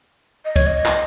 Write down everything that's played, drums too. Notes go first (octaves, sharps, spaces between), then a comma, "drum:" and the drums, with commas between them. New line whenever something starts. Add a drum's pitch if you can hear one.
D#5
C#5, drum: kick C2, cymbal
D#5
drum: clap